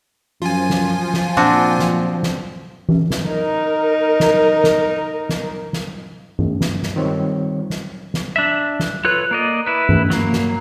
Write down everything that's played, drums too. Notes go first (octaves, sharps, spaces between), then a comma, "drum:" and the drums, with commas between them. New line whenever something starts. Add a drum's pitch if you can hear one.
F#2 F3 F4 G#5
drum: snare
drum: snare
A#2 C4 D4 F#4
drum: snare
drum: snare
drum: tom E3
drum: snare
D#4 A#4
drum: snare
drum: snare
drum: snare
drum: snare
drum: tom
drum: snare
drum: snare
D#3 G3 C4 F4 C#5
drum: snare
drum: snare
D4 E5
drum: snare
F4 A4 B4 C#5 F#6
A#3 D5 D#5
E4 B4
drum: tom
F#3 A#3, drum: snare
drum: snare